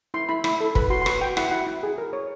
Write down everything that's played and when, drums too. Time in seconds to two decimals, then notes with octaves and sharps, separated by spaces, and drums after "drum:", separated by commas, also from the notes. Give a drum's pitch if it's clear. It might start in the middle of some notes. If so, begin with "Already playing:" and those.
0.14 E4 C6
0.29 E4 B5
0.44 E4 B5, drum: rim click
0.61 A4
0.75 B4 B5, drum: kick
0.90 F#4 C6
1.02 C6
1.06 B4 C#6, drum: rim click
1.21 F#4 G5
1.37 E4 F#5, drum: rim click
1.51 E4 F#5
1.67 E4
1.83 G#4
1.98 A#4
2.13 C#5